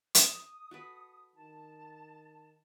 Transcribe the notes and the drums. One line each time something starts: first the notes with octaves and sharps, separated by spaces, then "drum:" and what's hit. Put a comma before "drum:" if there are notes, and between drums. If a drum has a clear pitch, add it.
D#6, drum: hi-hat
F#4 A4 B4
D#3 A5